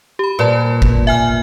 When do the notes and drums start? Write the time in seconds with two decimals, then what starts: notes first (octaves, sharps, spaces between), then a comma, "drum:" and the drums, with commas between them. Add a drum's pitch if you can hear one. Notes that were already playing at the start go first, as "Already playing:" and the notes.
0.19 G4 B5
0.39 A#2 B4 D5 A5
0.82 drum: kick
1.07 E5 G#5 F6